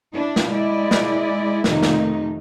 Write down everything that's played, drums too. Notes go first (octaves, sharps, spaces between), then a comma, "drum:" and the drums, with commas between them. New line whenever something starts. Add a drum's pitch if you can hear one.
D4 E4
drum: snare
G#3 E4 D5 D#5
drum: snare
F2 C3 D#3 A3 D#4, drum: snare
drum: snare